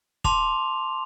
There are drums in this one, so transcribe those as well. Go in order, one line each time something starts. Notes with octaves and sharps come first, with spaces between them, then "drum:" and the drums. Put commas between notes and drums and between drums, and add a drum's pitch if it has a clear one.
A5 C6 D6 F7, drum: kick